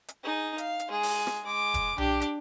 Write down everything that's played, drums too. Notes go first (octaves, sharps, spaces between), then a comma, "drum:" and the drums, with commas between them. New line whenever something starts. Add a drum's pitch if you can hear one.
drum: hi-hat
D#4 G#4
F5, drum: hi-hat
drum: hi-hat
G#3 G#4
drum: open hi-hat
drum: rim click
G#3 D6
drum: kick E1, hi-hat
D4 G4, drum: tom B1
drum: hi-hat